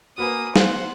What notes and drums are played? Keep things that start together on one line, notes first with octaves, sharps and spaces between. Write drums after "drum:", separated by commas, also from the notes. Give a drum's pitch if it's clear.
A#3 F#4 B4 G#5 D#6
B3 C5 F5 F#5, drum: snare